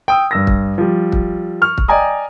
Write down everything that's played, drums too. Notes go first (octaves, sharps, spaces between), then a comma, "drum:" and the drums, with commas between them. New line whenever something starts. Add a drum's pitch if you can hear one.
G5 D#6 E6
G2 E6 A#6
drum: kick
F3 G3
drum: kick
C#6 F6
drum: kick
D5 D#5 G5 G#5 A#5 D#6